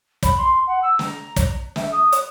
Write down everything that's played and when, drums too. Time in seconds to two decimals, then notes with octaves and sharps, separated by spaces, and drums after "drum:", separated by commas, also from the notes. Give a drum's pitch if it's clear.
0.23 B5, drum: kick, hi-hat
0.37 C6
0.66 F#5
0.82 E6
0.99 A#5, drum: snare
1.37 drum: kick, hi-hat
1.76 E5, drum: snare
1.91 D#6
2.12 drum: hi-hat